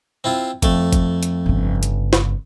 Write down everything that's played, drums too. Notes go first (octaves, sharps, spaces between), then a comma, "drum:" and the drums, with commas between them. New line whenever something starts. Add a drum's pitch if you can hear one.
C4 E4 F4
F2 A3, drum: kick, hi-hat
drum: kick, hi-hat
drum: hi-hat
G1 C#3
drum: hi-hat
drum: snare